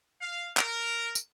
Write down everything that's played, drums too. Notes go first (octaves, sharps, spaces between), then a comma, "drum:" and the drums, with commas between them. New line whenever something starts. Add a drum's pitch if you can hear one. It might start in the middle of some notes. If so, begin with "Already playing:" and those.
F5
A#4, drum: clap
drum: tambourine